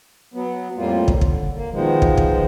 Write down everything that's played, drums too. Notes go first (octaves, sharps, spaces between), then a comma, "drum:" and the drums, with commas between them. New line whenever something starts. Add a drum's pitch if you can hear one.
F#3 B3
F2 A2 G3 A#3 F4
drum: kick
D3, drum: kick
A#3
B2 D#3 F3 G#3
drum: kick
drum: kick